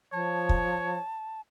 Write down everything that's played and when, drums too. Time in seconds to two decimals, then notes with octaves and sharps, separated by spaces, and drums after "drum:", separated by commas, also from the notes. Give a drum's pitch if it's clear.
0.13 F3 C#5 A5
0.49 drum: kick